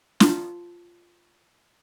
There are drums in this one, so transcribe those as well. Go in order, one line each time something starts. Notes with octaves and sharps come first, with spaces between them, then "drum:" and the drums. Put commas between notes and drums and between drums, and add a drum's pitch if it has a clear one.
F4 A5, drum: snare